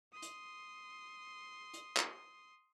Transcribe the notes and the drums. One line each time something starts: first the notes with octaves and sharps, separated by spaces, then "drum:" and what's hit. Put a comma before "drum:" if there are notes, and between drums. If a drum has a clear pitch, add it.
C6 D#6
drum: hi-hat
drum: hi-hat
drum: clap